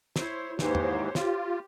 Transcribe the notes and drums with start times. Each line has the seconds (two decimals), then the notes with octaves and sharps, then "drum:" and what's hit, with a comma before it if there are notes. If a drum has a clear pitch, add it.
0.16 E4 C5 C#5, drum: snare
0.59 D#2 G#2 E3 G4 C5 C#5, drum: snare
0.75 drum: tom
1.15 F4 G4, drum: snare